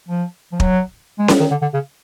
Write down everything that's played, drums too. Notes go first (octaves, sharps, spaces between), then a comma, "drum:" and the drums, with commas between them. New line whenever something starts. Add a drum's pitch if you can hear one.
F3
F3
F#3, drum: kick
G#3
G3, drum: snare C#4
D#3
D3
D3
C#3